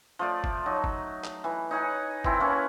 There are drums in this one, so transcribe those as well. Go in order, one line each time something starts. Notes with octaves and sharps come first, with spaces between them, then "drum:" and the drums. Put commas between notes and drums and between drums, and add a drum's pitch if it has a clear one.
F3 A3 D5
drum: kick F#1
F#3 D#4
drum: kick F#1
drum: clap
E3
D#4 C#5 F#5 G#5
E3 C4 E4 A5, drum: kick F#1
A#3 C#4 B4 C#5